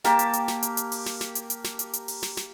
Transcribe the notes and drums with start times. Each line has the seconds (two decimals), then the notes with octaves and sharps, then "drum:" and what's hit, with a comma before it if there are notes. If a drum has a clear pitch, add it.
0.04 A#3 G4 A#4 A5, drum: snare
0.19 drum: hi-hat
0.33 drum: hi-hat
0.48 drum: snare
0.63 drum: hi-hat
0.77 drum: hi-hat
0.92 drum: open hi-hat
1.06 drum: snare
1.21 drum: snare
1.35 drum: hi-hat
1.50 drum: hi-hat
1.64 drum: snare
1.79 drum: hi-hat
1.93 drum: hi-hat
2.08 drum: open hi-hat
2.23 drum: snare
2.37 drum: snare